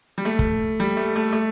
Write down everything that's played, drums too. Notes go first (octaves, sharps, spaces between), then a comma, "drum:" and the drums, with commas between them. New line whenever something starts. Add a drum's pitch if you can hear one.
G3
A3
drum: kick
G3
A3
A3
A3